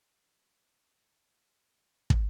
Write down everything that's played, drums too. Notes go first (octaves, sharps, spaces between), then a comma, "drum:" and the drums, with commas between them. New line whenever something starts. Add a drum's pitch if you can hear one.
F3 G#3 C4 D4
drum: kick